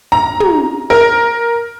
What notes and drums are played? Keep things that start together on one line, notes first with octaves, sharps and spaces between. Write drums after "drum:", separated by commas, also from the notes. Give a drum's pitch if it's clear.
A#5
drum: tom
A#4